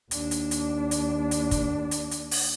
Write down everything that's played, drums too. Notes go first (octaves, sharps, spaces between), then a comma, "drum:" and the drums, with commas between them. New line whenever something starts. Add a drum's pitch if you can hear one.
D#2 D4, drum: hi-hat
drum: hi-hat
drum: hi-hat
drum: hi-hat
drum: hi-hat
drum: kick, hi-hat
drum: hi-hat
drum: hi-hat
drum: open hi-hat